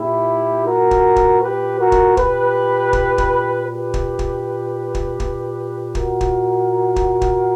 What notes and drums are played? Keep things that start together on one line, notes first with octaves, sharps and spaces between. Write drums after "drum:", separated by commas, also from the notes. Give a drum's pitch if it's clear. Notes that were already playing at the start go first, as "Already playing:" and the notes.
Already playing: A#2 E4 G4
F#4 A#4
drum: kick
drum: kick
G4 B4
F#4 A#4
drum: kick
A#2 G4 B4, drum: kick
drum: kick
drum: kick
G4 B4
drum: kick
drum: kick
drum: kick
A#2, drum: kick
F#4 A#4, drum: kick
drum: kick
drum: kick
drum: kick